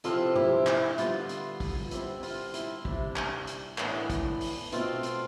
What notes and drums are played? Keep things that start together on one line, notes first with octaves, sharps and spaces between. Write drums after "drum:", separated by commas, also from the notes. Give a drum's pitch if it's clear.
C3 F3 C4 E4 F4 A4, drum: hi-hat
E4 G4, drum: tom G#2
E4, drum: clap
D3 G3 B3 E4 F4, drum: hi-hat
drum: hi-hat
drum: kick, open hi-hat
D3 G3 C4 E4, drum: hi-hat
F4, drum: open hi-hat
E4, drum: hi-hat
C3 G3 D4, drum: kick
drum: clap
drum: hi-hat
A2 E3 B3 D4, drum: clap
drum: kick, hi-hat
drum: open hi-hat
B2 A3 C4 F4, drum: hi-hat
drum: hi-hat